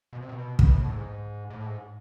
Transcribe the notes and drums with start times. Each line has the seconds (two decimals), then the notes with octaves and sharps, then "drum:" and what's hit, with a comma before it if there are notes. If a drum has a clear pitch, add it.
0.13 B2
0.20 C3
0.29 B2
0.59 B2, drum: kick
0.74 A2
0.89 G#2
1.50 A2
1.66 G#2